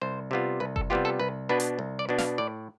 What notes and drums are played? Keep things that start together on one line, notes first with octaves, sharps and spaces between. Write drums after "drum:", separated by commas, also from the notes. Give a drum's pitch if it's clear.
C2 C5
C3 G3 B3 F4
C2 B4
A4, drum: kick F#1
C3 G3 B3 F4 G4
A4
C2 B4
B2 B3 D4 B4
drum: hi-hat
C2
D5
B2 B3 D4
F5, drum: snare
A2 D5